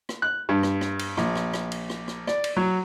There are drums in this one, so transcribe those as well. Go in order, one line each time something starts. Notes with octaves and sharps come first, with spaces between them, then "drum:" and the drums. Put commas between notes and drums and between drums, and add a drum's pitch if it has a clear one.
drum: rim click
F#6
G2
drum: rim click
drum: rim click
drum: cymbal
A#1, drum: rim click
drum: rim click
drum: rim click
drum: cymbal
drum: rim click
drum: rim click
D5, drum: rim click
drum: cymbal
F#3